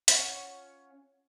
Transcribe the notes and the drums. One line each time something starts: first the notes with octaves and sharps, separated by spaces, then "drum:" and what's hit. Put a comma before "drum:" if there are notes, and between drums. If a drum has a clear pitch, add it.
C#4 F4 C#5 F#5, drum: hi-hat